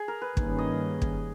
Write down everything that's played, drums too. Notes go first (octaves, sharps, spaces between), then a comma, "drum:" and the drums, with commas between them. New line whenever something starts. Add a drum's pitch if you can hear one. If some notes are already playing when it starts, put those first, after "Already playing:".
Already playing: G#4
A#4
B4
G2 D#3 G3 A#3 C#4, drum: kick
D#5
drum: kick